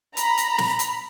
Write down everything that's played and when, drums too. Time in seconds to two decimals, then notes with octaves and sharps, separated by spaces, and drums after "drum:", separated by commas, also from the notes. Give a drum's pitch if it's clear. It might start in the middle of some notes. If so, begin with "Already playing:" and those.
0.17 A#5 B5, drum: hi-hat
0.38 drum: hi-hat
0.58 drum: snare
0.79 drum: hi-hat